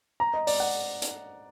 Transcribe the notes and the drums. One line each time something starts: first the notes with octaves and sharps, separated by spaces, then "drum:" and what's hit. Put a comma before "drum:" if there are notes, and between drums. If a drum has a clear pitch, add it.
A#5
D#5
D5, drum: open hi-hat
F#5
drum: hi-hat